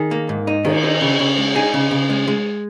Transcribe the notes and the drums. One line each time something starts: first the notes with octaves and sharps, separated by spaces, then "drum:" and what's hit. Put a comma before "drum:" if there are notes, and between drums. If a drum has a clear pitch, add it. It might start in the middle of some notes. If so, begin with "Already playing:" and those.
Already playing: D#3 G#4
A#3
G#2
D#4
D#3, drum: cymbal
D#4
C#3
C#3
G#3
D#4 G#4
C#3
C#3
G#3
G#3